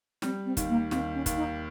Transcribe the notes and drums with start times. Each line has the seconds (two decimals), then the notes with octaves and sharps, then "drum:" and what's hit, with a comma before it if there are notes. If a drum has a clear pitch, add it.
0.22 G3 C4, drum: snare
0.45 C4
0.57 D#2, drum: kick, hi-hat
0.69 A#3
0.91 D#2 C4, drum: snare
1.14 C#4
1.26 D#2, drum: kick, hi-hat
1.36 D#4